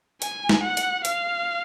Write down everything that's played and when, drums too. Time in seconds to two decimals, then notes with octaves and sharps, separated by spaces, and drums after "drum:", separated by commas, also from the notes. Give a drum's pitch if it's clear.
0.22 G#5, drum: hi-hat
0.49 drum: snare
0.63 F#5
0.77 drum: hi-hat
1.05 F5, drum: hi-hat